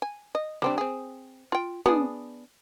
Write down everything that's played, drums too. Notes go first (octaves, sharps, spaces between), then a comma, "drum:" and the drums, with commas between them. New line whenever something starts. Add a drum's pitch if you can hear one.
G#5
D#5
G3 C4 D4, drum: snare
C4 G#4
F4 G5
B3 D4 G#4, drum: tom